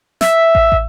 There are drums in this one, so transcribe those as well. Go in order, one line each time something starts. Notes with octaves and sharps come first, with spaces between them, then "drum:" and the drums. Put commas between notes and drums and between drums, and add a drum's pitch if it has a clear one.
E5, drum: snare
drum: kick
drum: kick